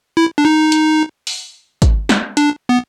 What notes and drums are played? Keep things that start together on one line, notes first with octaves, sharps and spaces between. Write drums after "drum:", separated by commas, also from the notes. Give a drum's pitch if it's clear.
E4
D4
D#4
drum: hi-hat
drum: open hi-hat
drum: kick, hi-hat
drum: snare
D4, drum: hi-hat
B3